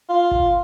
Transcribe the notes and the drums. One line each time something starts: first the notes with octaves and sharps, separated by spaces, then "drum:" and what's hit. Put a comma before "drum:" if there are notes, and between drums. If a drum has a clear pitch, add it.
F4
drum: kick G#1